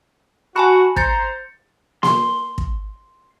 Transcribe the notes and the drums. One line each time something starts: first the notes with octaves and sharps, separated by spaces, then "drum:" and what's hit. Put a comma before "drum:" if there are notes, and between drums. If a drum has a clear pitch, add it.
F#4 G#5 A5 B5
C5 A#5 G6 A6 C#7, drum: kick
C6, drum: snare A#3
drum: kick